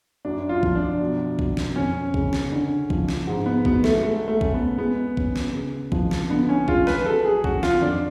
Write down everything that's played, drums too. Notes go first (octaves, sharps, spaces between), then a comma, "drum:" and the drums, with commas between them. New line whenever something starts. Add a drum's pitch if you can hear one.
F#2 D4
F4
F3, drum: kick A#1
D4
B2
F#3, drum: kick A#1
drum: snare
F2 C#4
C#3, drum: kick A#1
drum: snare
D3
F3, drum: kick A#1
drum: snare
G#2
B3
F#3 B3, drum: kick A#1
A3, drum: snare
G#3 A3
A3
C#4, drum: kick A#1
B3
G#3 B3
C#4, drum: kick A#1
drum: snare
C#3
F3, drum: kick A#1
drum: snare
D3 B3
C#4
G#3 F4, drum: kick A#1
B4, drum: snare
F#3 A4
G#4
C#4 F#4, drum: kick A#1
F4, drum: snare
F2 D4